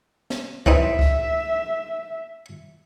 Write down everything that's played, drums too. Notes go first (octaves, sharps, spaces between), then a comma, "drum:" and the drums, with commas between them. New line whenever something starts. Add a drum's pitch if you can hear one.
drum: snare
E3 C4 D#4 E5, drum: kick C#2
drum: kick C#2